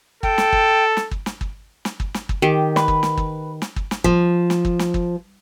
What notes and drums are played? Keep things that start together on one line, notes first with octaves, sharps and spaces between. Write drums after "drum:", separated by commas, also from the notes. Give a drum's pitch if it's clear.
A4 G5, drum: kick
drum: snare
drum: kick
drum: snare
drum: kick
drum: snare
drum: kick
drum: snare
drum: kick
drum: snare
drum: kick
D#3 G4
B4, drum: snare
drum: kick
drum: snare
drum: kick
drum: snare
drum: kick
drum: snare
F3, drum: kick
drum: snare
drum: kick
drum: snare
drum: kick